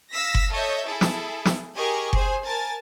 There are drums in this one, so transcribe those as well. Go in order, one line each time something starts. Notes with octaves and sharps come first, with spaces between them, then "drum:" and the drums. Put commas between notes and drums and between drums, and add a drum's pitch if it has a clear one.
F5 E6 A#6 B6
drum: kick F#1
A4 C#5 D#5 E5 G6
E4 G#4 A4
drum: snare
drum: snare
G4 G#4 A#4 D#5 G#5 C#6
G#4 C5 G#5, drum: kick F#1
A#4 G#5 A5 A6